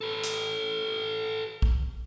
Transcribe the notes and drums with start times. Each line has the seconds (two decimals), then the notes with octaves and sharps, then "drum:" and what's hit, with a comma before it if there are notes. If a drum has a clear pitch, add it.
0.01 A4 B4
0.24 drum: hi-hat
1.62 drum: kick